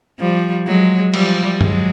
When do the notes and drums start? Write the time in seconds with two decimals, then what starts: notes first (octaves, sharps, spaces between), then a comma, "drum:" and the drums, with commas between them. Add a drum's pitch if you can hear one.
0.20 F3 G3
0.66 F#3 G#3
1.14 F3 G3, drum: cymbal
1.61 F#3 G#3, drum: tom G2